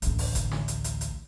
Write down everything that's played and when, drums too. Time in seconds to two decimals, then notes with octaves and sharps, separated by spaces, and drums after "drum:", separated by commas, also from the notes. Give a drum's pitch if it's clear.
0.02 A1 D2, drum: hi-hat
0.19 drum: open hi-hat
0.35 drum: kick G1, hi-hat
0.51 drum: snare
0.68 drum: hi-hat
0.84 drum: hi-hat
1.01 drum: hi-hat